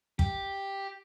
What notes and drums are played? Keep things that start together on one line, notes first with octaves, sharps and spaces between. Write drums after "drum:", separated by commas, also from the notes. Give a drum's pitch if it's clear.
G4, drum: kick